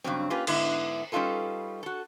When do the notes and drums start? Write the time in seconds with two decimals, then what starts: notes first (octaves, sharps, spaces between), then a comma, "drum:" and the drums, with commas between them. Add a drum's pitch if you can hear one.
0.04 G2 C#3 F#3 C4
0.30 A#3 C#4 F4 G4 B4
0.47 G#2 D3 B3 E4, drum: cymbal
1.12 G3 C#4 D#4 F4 A4 B4
1.83 F#4 A4